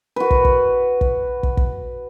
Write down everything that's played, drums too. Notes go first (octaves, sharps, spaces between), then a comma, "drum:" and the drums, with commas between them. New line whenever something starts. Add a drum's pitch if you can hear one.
F#4 B4
drum: kick
drum: kick
drum: kick
drum: kick
drum: kick